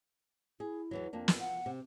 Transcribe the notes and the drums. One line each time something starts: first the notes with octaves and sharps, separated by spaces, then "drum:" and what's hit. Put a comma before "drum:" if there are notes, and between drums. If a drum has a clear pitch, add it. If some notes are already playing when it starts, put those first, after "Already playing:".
E4 G#4
E2 E3 F#3
F2 A#3 D4
drum: snare
F4 F#5
C3